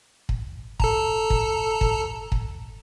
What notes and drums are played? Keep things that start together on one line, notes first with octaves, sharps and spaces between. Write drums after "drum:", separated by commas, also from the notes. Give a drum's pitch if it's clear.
drum: kick
A4 A5 A#5, drum: kick
drum: kick
drum: kick
drum: kick